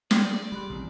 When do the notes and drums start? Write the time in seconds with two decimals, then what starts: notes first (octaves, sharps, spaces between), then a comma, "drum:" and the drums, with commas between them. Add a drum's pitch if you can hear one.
0.11 D5 G5, drum: snare
0.32 G#4
0.52 G3 B5 C6 F#6
0.70 A1 D#3 C4